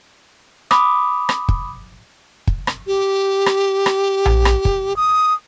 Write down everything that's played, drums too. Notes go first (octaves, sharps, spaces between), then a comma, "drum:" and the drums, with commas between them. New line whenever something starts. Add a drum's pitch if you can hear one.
B5 D6 D#6, drum: rim click
drum: rim click
drum: kick
drum: kick
drum: rim click
G4
drum: rim click
drum: rim click
drum: tom A#1
drum: rim click
drum: kick
D#6